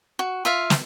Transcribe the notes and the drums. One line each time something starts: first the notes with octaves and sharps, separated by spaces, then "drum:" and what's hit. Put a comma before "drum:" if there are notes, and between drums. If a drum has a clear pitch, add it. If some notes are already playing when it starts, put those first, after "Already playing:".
F#4
F4 E5 F5
drum: snare